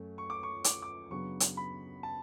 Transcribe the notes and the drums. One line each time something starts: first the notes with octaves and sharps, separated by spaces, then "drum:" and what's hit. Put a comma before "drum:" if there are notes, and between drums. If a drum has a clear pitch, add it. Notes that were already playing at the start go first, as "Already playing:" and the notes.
Already playing: F#2 A3 C#4
C#6
D6
C#6
D6, drum: hi-hat
D6
F#2 C#3 F#3 B3 D4 C#6
drum: hi-hat
B5
A5